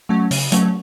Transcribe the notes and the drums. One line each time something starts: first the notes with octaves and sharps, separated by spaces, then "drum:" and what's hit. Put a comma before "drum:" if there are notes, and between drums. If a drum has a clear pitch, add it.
F#3 A3 C#4
C#3, drum: open hi-hat
F#3 A3 C#4, drum: hi-hat